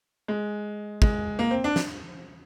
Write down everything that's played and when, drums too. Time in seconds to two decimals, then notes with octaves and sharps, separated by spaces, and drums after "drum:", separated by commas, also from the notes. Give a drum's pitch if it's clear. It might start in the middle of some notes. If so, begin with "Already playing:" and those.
0.28 G#3
1.02 G#3, drum: kick
1.39 A#3
1.51 C4
1.64 D4
1.76 drum: snare